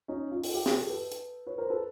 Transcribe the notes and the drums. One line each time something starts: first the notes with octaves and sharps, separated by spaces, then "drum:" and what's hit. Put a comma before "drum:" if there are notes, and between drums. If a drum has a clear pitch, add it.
C#4 D#4
D#4 F4
drum: open hi-hat
F4 G4
F#4 G#4, drum: snare
G4 A4
A4 B4
drum: hi-hat
B4 C#5
A#4 C5
A4 B4